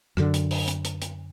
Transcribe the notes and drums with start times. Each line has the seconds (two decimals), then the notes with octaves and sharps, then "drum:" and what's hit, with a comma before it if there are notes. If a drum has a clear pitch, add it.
0.17 F#2 D3, drum: rim click
0.34 drum: hi-hat
0.51 drum: open hi-hat
0.68 drum: hi-hat
0.85 drum: hi-hat
1.02 drum: hi-hat